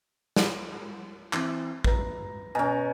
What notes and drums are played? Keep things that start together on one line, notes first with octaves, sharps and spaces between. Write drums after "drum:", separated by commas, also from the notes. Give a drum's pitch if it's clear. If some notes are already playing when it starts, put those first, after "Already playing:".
drum: snare
E3 C4, drum: clap
B4 A#5, drum: kick A1
B2 C#4 G#5 A#5